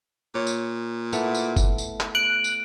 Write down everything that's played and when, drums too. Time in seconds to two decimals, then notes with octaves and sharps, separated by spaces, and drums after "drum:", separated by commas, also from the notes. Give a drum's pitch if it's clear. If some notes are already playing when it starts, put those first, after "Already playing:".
0.35 A#2 C#5
0.47 drum: tambourine
1.13 A3 B3 E4, drum: tambourine
1.35 drum: tambourine
1.56 drum: kick F#1, tambourine
1.78 drum: tambourine
2.00 drum: clap
2.15 F#6 D7
2.44 drum: tambourine